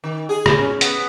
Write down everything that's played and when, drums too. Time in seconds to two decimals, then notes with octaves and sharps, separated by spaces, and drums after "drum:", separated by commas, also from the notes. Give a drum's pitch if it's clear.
0.04 D#3
0.29 G#4
0.46 drum: rim click
0.58 C#4
0.81 B3, drum: hi-hat